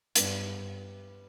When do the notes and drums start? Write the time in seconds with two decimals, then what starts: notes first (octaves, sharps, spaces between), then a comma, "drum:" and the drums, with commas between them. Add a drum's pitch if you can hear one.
0.15 G2 G3 B3 D4 G4 D5, drum: hi-hat